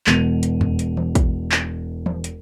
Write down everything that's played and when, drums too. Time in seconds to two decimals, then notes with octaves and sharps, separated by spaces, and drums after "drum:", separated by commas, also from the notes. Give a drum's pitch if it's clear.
0.07 E1 B2 D#7 F7, drum: clap
0.43 drum: hi-hat
0.61 drum: tom F2
0.79 drum: hi-hat
0.97 drum: tom E3
1.15 drum: kick, hi-hat
1.52 drum: clap
2.06 drum: tom E3
2.24 drum: hi-hat